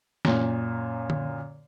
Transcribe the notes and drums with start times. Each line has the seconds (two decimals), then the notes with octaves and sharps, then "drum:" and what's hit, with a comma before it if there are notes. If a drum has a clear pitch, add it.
0.25 F#2 A#2, drum: snare
1.10 drum: tom D3